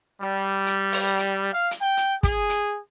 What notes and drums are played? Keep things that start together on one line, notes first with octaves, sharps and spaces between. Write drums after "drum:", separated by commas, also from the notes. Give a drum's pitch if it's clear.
G3
drum: hi-hat
drum: open hi-hat
drum: hi-hat
F5
drum: hi-hat
G5
drum: hi-hat
G#4, drum: kick, hi-hat
drum: hi-hat